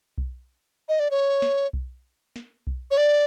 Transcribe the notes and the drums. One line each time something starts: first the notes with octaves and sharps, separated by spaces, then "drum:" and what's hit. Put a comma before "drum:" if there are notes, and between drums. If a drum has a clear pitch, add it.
drum: kick B1
D#5
D5
C#5
drum: snare
drum: kick B1
drum: snare
drum: kick B1
C#5
D5